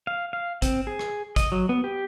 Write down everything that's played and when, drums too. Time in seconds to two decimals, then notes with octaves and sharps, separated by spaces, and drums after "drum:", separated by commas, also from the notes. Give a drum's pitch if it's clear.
0.07 F5
0.33 F5
0.62 C4, drum: kick, hi-hat
0.87 G#4
0.99 drum: rim click
1.36 D#5, drum: kick, hi-hat
1.52 F#3
1.69 B3
1.84 G4